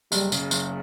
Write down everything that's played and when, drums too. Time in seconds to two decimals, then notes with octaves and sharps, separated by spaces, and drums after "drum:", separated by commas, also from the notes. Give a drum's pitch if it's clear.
0.12 F#1 G3, drum: tambourine
0.32 C#3, drum: tambourine
0.51 F#1, drum: tambourine